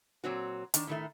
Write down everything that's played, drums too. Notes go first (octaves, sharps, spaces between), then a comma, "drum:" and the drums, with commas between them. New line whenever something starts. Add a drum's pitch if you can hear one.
A#2 F#3 C4 F#4
D#3 D4, drum: hi-hat
A2 D#3 A3